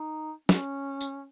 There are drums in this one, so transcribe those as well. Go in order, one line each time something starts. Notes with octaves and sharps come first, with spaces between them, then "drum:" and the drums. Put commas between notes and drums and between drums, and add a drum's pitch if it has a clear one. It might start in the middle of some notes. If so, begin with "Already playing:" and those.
Already playing: D#4
C#4, drum: snare
drum: tambourine